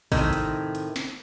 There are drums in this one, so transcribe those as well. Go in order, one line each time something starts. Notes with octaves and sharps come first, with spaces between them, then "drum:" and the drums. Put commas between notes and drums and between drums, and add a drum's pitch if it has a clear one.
A2 C3 D#3, drum: kick, open hi-hat
drum: hi-hat
drum: hi-hat
drum: snare